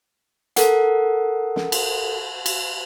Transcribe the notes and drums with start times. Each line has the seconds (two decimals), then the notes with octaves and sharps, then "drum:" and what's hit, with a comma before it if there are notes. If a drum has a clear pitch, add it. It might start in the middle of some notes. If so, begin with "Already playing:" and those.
0.56 A4 A#4 F#5, drum: hi-hat
1.56 drum: snare
1.72 drum: cymbal
2.46 drum: cymbal